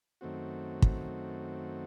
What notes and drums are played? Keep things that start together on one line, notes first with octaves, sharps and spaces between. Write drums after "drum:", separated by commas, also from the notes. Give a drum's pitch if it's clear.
F#2 D#3 A3 C4 F#4
drum: kick